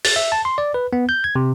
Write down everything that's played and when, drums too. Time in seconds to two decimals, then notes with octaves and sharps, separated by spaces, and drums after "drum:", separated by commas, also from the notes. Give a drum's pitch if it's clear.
0.05 A6, drum: open hi-hat
0.16 E5
0.32 A5
0.45 C6
0.58 D5
0.74 B4
0.93 B3
1.09 G6
1.24 G#6
1.36 C3